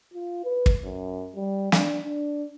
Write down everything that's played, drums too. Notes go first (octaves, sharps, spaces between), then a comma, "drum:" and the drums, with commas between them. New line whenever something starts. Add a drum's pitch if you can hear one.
F4
B4
drum: kick
F#2
G3
D4, drum: snare
D4